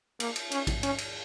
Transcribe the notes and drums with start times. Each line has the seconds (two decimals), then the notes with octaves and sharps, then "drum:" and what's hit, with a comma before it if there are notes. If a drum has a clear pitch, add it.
0.20 A#3, drum: cymbal
0.36 drum: cymbal
0.52 C#4, drum: cymbal
0.67 drum: kick A1, cymbal
0.83 C#4, drum: cymbal
0.98 drum: cymbal